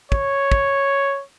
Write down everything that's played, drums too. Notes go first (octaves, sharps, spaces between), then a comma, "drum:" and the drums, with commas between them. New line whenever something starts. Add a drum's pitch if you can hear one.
C#5, drum: kick
drum: kick